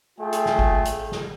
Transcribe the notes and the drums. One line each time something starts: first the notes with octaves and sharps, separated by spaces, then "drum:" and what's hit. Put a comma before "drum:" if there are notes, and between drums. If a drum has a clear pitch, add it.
A3 F4 G#4 G5
drum: hi-hat
drum: snare
drum: kick G1
drum: hi-hat
drum: snare